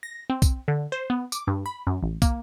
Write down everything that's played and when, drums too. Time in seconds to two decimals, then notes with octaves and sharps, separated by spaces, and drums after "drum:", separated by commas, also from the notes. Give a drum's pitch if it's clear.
0.03 A#6
0.30 C4
0.42 drum: kick, tambourine
0.68 D3
0.92 C5
1.10 B3
1.32 D6, drum: tambourine
1.47 G2
1.66 B5
1.87 F#2
2.03 A1
2.22 A#3, drum: kick, tambourine